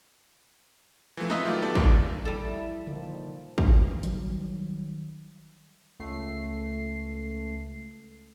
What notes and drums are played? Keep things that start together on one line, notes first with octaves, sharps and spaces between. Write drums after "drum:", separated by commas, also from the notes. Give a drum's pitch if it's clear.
E3 F3 A3 C4
D#4 F4 B4 D#5 E5, drum: snare
D#3 F#3 A3 F4 G4 D5
A3 B3 A4 D5
G1 C#2 F#2 A#3, drum: kick
G3 E4 A4
A#2 D#3 F3, drum: tom C#3
drum: kick
D#3 F#3 G3, drum: hi-hat
C#2 A3 C7